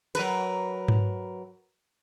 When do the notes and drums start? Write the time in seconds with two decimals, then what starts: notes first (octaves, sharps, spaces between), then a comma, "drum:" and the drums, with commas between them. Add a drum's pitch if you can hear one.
0.15 F#3 A#4 B4, drum: cymbal
0.88 drum: tom G#2